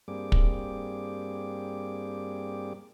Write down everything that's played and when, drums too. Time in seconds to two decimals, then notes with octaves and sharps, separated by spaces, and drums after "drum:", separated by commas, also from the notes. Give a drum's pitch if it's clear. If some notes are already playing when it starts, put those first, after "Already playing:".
0.08 G2 G3 A#3 C4 G#4 D6
0.32 drum: kick